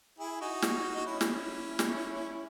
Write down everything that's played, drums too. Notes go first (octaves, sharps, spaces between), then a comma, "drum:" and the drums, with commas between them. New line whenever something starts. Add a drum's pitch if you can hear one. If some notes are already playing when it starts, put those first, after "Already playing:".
E4 G#4
D#4 F#4
drum: snare
D#4
C#4 E4
drum: snare
drum: snare